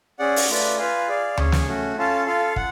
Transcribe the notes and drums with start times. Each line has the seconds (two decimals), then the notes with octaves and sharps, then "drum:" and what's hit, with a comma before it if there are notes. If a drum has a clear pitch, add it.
0.19 C#4 G#4 D5 F#5
0.36 drum: open hi-hat
0.48 A3 F4 B4 D5
0.78 F4 B4 F5 G#5
1.08 G#4 D5 F5
1.37 C#4 G#4 C#5, drum: tom D2
1.52 drum: snare
1.67 A3 C#4 F#4
1.97 C#4 F4 A4 F5 A5
2.26 F4 A4 F5
2.56 F#5, drum: kick